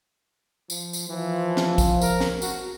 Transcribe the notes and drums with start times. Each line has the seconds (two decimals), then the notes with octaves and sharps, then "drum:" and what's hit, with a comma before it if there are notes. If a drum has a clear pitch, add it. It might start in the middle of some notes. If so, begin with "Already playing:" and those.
0.70 F3, drum: tambourine
0.93 drum: tambourine
1.09 E3 F3
1.57 drum: snare
1.78 drum: kick A#1, tambourine
2.02 A#4, drum: tambourine
2.21 drum: snare
2.42 F#4, drum: tambourine